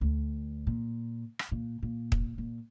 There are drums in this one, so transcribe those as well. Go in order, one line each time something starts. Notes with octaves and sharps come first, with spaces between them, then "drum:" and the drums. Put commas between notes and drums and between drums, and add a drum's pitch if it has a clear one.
D2
A#2
drum: rim click
A#2
A#2
drum: kick
A#2